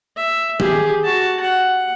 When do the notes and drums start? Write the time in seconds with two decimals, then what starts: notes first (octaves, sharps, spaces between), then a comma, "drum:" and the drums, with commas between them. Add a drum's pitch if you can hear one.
0.16 E5
0.60 G4 G#4, drum: tom D#3
1.03 F#4 A5
1.40 F#5